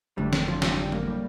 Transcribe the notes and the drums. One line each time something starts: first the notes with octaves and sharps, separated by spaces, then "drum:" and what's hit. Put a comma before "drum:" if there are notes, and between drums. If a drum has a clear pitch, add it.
G1 F2 D3 G3 A3 D4
drum: snare
F3
F3, drum: snare
G3
A#3, drum: tom F3
A2 G3